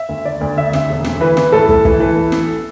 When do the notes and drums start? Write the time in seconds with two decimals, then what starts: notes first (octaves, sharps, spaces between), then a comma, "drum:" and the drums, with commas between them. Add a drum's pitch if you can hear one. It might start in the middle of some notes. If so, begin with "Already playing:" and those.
Already playing: E5
0.09 D2
0.25 D3 D5
0.41 D2
0.56 D3 E5
0.73 D2, drum: snare
0.89 E1
1.05 D2, drum: snare
1.21 E3 B4
1.37 E3, drum: snare
1.52 A2 A4
1.69 A3, drum: kick
1.85 E3, drum: kick
2.00 E3
2.16 A3
2.32 drum: snare